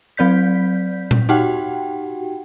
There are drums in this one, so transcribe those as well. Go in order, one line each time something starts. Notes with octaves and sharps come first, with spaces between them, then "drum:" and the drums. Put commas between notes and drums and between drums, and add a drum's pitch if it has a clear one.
F#3 C4 D5 G6 B6
drum: tom A#2
D#4 F#4 G4 F#5 G5